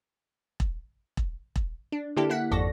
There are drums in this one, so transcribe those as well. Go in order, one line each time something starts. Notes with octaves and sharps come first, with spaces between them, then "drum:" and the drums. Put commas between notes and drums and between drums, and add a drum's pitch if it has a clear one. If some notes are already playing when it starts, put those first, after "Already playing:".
drum: kick E1
drum: kick E1
drum: kick E1
D4
D3 A#3 D4 E4 G4 A4
A#3 E4 F#5 B6
G#1 F2 A4 D5 C#6 A#6